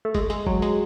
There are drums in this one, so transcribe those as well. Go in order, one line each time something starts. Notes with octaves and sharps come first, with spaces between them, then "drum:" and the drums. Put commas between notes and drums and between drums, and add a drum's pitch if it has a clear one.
A3
G#3, drum: kick G#1, hi-hat
G#3, drum: hi-hat
F#3, drum: kick G#1
G#3, drum: hi-hat